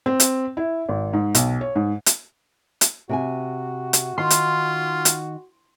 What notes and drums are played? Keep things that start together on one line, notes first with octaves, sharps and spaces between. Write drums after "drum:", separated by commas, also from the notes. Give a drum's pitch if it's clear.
C4
drum: hi-hat
E4
G#1
G#2
B1, drum: hi-hat
C#5
G#2
drum: hi-hat
drum: hi-hat
C3 F#4 G5 G#5
drum: hi-hat
D#3 F4 C6
drum: hi-hat
drum: hi-hat